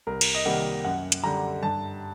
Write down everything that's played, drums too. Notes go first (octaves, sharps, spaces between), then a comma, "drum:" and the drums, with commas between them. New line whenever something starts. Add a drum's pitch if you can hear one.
C2 A#4
drum: cymbal
D#5
C3 D#3 G3 A#3 F#5
F#2 F#5
drum: hi-hat
D3 G3 A#5
G2 A5